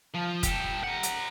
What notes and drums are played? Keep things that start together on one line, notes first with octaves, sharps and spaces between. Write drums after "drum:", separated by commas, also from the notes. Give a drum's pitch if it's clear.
F3
G4 A4, drum: kick F1, hi-hat
A#4 F#5
drum: hi-hat